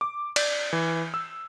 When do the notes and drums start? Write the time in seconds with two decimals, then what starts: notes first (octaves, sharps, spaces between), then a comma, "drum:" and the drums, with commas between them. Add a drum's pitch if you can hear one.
0.01 D6
0.36 D5, drum: cymbal
0.73 E3
1.14 E6